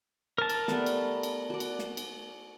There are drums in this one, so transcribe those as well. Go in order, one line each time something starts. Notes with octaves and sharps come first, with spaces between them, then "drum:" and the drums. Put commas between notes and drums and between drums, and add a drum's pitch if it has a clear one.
A#4 A5
drum: cymbal
G3 A3 B3, drum: snare
drum: cymbal
drum: cymbal
F#4 D5
drum: cymbal
drum: snare
drum: cymbal